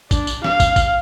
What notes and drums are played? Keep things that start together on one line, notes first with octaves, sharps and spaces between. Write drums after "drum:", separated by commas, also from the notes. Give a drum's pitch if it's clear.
D4, drum: kick, tambourine
drum: tambourine
F5, drum: snare
drum: kick, tambourine
drum: kick, tambourine